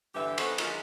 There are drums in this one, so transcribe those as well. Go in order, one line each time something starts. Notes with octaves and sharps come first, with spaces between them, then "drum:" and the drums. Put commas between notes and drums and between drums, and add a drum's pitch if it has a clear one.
G2 D3 E3 G4 B4 E5
E3 B3 D#4 F#4 A4 C5, drum: cymbal
D#3 F#3 G#3 A#3 F4, drum: cymbal